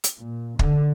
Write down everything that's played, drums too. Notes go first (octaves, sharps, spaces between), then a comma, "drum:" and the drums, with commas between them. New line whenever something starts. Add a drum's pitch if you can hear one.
drum: hi-hat
A#2
D3, drum: kick